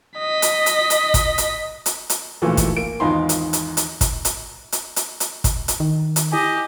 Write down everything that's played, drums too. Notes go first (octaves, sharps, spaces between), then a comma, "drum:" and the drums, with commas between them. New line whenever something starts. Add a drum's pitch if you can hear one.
D#5 B6
drum: hi-hat
drum: hi-hat
drum: hi-hat
drum: kick, hi-hat
drum: hi-hat
drum: hi-hat
drum: hi-hat
B1 A#2 E3 F3 A3
drum: kick, hi-hat
A#3 D7
G#1 E2 D#4 F4 B5 C6
drum: hi-hat
drum: hi-hat
drum: hi-hat
drum: kick, hi-hat
drum: hi-hat
drum: hi-hat
drum: hi-hat
drum: hi-hat
drum: kick, hi-hat
drum: hi-hat
D#3
drum: hi-hat
E4 G4 D#5 G#5